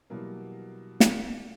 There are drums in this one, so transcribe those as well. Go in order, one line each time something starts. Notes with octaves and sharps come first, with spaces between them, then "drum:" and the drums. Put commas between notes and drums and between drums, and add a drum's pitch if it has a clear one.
B2 E3 F#3 G3 A#3
drum: snare